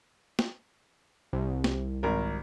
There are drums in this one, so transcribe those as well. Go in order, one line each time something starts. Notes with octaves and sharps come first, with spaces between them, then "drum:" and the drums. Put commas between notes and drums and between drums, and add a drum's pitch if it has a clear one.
drum: snare
C2
drum: snare
G#1 A#4